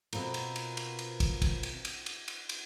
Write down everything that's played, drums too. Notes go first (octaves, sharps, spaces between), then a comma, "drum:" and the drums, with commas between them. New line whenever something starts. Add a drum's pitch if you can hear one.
B2 C4 F4 A#4, drum: cymbal
drum: cymbal
drum: cymbal
drum: cymbal
drum: cymbal
drum: kick, cymbal
drum: kick, cymbal
drum: cymbal
drum: cymbal
drum: cymbal
drum: cymbal
drum: cymbal